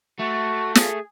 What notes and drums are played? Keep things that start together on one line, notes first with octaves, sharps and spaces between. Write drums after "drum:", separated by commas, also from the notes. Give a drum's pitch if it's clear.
A3 F#4
G#4, drum: snare